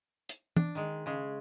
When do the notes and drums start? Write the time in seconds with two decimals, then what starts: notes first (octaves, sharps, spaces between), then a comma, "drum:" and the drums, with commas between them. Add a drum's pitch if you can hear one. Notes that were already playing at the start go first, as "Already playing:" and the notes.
0.29 drum: hi-hat
0.56 D4, drum: tom
0.75 D#3 G#3
1.06 C#3 G#3